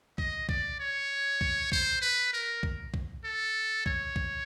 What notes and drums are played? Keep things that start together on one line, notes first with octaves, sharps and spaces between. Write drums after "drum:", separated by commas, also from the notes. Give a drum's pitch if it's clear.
D#5, drum: kick B1
D5, drum: kick B1
C#5
drum: kick B1
C5, drum: kick B1
B4
A#4
drum: kick B1
drum: kick B1
A4
C#5, drum: kick B1
drum: kick B1